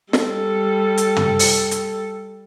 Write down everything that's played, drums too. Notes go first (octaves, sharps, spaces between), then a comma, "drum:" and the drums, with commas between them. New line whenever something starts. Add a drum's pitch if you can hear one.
G3 A4, drum: snare
drum: hi-hat
drum: tom
drum: open hi-hat
drum: hi-hat